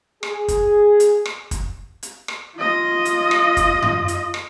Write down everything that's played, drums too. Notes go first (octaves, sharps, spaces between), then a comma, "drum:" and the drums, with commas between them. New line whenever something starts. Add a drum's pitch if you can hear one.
G#4, drum: rim click
drum: kick, hi-hat
drum: hi-hat
drum: rim click
drum: kick, hi-hat
drum: hi-hat
drum: rim click
F4 D#5
drum: hi-hat
drum: rim click
drum: kick, hi-hat
drum: tom F#2
drum: hi-hat
drum: rim click